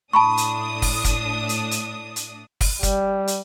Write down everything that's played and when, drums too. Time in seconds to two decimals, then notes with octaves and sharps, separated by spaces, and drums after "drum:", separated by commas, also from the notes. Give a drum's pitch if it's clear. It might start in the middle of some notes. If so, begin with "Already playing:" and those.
0.13 A2 D4 A5 B5 C#6 D#6
0.37 drum: hi-hat
0.82 drum: kick, open hi-hat
1.04 drum: kick, hi-hat
1.49 drum: hi-hat
1.71 drum: hi-hat
2.16 drum: hi-hat
2.61 drum: kick, open hi-hat
2.83 G3, drum: kick, hi-hat
3.28 drum: hi-hat